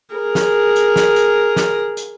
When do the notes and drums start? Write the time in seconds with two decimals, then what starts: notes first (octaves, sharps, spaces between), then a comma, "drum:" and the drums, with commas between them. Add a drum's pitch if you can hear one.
0.15 G#4 A#4
0.35 drum: snare
0.76 drum: hi-hat
0.96 drum: snare
1.16 drum: hi-hat
1.56 drum: snare
1.97 drum: hi-hat